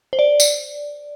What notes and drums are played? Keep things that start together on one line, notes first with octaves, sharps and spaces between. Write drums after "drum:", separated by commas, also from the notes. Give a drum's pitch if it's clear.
C5
D5
drum: tambourine